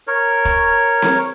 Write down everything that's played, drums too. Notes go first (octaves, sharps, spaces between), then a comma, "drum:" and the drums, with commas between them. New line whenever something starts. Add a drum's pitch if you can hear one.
A#4 C#5
drum: kick
drum: snare C4